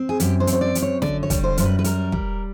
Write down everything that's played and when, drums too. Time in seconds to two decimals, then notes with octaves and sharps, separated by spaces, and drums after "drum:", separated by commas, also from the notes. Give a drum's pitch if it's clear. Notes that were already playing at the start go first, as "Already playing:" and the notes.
Already playing: C4
0.09 G#4
0.20 F#2 G4, drum: hi-hat
0.40 C5
0.47 C4, drum: hi-hat
0.53 C#5
0.61 D5
0.75 F#2, drum: hi-hat
0.82 C#5
1.02 D3 D5, drum: snare
1.23 C#5
1.30 G3, drum: kick, hi-hat
1.43 C5
1.57 F#2 C5, drum: hi-hat
1.64 B4
1.79 B4
1.84 G3 A#4, drum: hi-hat
2.12 G3, drum: kick